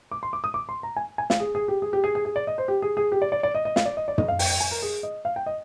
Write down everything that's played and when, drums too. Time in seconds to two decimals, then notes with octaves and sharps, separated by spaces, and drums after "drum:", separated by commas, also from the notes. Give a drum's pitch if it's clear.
0.11 D6
0.23 C6
0.33 D6
0.44 D#6
0.54 D6
0.69 C6
0.83 A#5
0.97 G#5
1.18 G#5
1.30 F5, drum: snare
1.40 G#4
1.55 G#4
1.68 G4
1.82 G#4
1.93 G4
2.04 G#4
2.15 G#4
2.25 G#4
2.36 D5
2.47 D#5
2.58 C5
2.68 G4
2.82 G#4
2.97 G#4
3.12 G4
3.22 D5
3.32 D5
3.43 D5
3.55 D#5
3.65 D#5
3.76 F5, drum: snare
3.85 D5
3.97 D#5
4.08 D5
4.18 D#5, drum: tom
4.28 F5
4.39 G5, drum: open hi-hat
4.50 G5
4.60 G#5
4.71 A#4
4.82 G#4
5.03 D#5
5.25 F5
5.36 G5
5.46 D#5